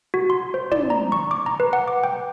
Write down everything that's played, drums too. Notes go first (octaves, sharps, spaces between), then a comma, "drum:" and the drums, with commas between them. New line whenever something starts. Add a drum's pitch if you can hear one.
F#4
C6
C5
D5, drum: tom
A#5
C#6
D6
A#5
B4
F#5
D6
G5